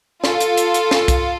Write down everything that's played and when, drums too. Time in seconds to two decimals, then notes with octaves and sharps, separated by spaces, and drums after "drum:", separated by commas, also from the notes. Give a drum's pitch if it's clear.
0.24 F4 A4, drum: snare
0.41 drum: hi-hat
0.57 drum: hi-hat
0.74 drum: hi-hat
0.91 drum: snare
1.08 drum: kick, hi-hat